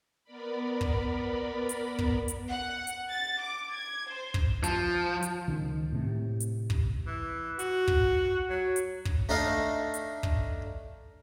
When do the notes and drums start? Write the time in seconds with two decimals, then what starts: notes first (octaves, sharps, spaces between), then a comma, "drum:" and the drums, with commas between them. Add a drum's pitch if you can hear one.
0.24 B3 A#4 D5 B5
0.81 drum: kick
1.69 drum: hi-hat
1.99 drum: kick
2.28 drum: hi-hat
2.49 F#5
2.87 drum: hi-hat
3.11 A6
3.43 D6
3.74 G#6
4.12 C5
4.34 drum: kick
4.64 F3, drum: hi-hat
5.22 drum: hi-hat
5.48 C#2 D#3
5.92 A2 C3
6.40 drum: hi-hat
6.70 drum: kick
7.07 E3
7.59 F#4, drum: hi-hat
7.88 drum: kick
8.50 F#3
8.76 drum: hi-hat
9.05 drum: kick
9.29 A3 D4 D#4 D#5 F5
9.94 drum: hi-hat
10.23 drum: kick